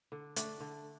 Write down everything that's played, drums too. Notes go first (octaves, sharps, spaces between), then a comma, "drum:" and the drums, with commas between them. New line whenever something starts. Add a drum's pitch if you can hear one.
D3
A3 D4, drum: hi-hat
D3